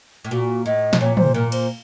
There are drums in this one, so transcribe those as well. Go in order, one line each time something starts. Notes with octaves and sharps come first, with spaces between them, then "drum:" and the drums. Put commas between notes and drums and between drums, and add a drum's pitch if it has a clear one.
A2
A#2 F#4
A2 D#5
C3, drum: snare
A#2 C#5
C5, drum: tom
A#2 A#4
C5, drum: cymbal